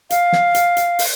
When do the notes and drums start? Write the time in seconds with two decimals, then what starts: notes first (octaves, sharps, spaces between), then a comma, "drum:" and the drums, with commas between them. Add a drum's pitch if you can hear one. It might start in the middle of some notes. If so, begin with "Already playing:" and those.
0.10 F5, drum: hi-hat
0.32 drum: snare
0.55 drum: hi-hat
0.77 drum: hi-hat
0.99 drum: open hi-hat